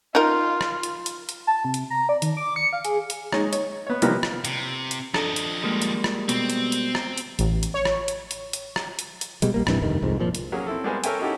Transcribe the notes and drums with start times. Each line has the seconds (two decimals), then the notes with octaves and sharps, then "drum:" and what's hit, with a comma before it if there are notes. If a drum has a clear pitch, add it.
0.15 D#4 F4 A#4
0.61 drum: rim click
0.83 drum: hi-hat
1.06 drum: hi-hat
1.29 drum: hi-hat
1.47 A5
1.65 C3
1.74 drum: hi-hat
1.90 A#5
2.09 D5
2.22 D#3, drum: hi-hat
2.37 D6
2.56 C#7
2.73 F5
2.85 G#4, drum: hi-hat
3.10 drum: hi-hat
3.32 G#3 D#4 C#5, drum: rim click
3.53 C#5, drum: hi-hat
3.87 B3 C#5
4.02 C3 E3 F3 G3 A#3 B3, drum: hi-hat
4.23 drum: rim click
4.45 C3, drum: hi-hat
4.91 drum: hi-hat
5.14 F3 D4 A4 D#5, drum: rim click
5.36 drum: hi-hat
5.63 G3 G#3 A#3
5.82 drum: hi-hat
6.04 drum: rim click
6.29 B2 C4, drum: hi-hat
6.50 drum: hi-hat
6.72 drum: hi-hat
6.95 drum: rim click
7.17 drum: hi-hat
7.39 A1, drum: hi-hat
7.63 drum: hi-hat
7.74 C#5
7.85 drum: rim click
8.08 drum: hi-hat
8.31 drum: hi-hat
8.53 drum: hi-hat
8.76 drum: rim click
8.99 drum: hi-hat
9.21 drum: hi-hat
9.42 B2 G3 G#3, drum: hi-hat
9.54 B1 G3 A#3
9.67 A#1 G2 C3 E3, drum: rim click
9.82 F1 D2 G2 D#3
10.02 C2 F2 G#2
10.20 A#2 F3
10.35 drum: hi-hat
10.52 F#3 A#3 C#4 G#4
10.66 C4 E4 A4
10.84 G3 G#3 B3 A#4 C5 G#5
11.04 A4 A#4 C#5 E5 G5 G#5, drum: hi-hat
11.19 C#4 D#4 E4 F#4 G4 A4